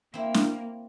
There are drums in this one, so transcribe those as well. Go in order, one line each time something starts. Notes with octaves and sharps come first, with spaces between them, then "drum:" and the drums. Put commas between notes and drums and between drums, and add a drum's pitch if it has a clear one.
A#3 C4 E4
drum: snare